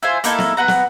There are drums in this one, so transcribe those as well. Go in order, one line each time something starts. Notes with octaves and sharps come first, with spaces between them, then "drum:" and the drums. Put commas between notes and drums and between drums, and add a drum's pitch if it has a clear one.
E4 F4 C5 G#5
A#3 D#4 E4 A4, drum: hi-hat
drum: snare
B3 F#5 A#5
drum: snare